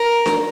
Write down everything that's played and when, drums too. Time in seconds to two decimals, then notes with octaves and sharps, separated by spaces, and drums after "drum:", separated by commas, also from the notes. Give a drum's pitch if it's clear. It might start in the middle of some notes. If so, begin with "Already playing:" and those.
Already playing: A#4
0.26 drum: snare D4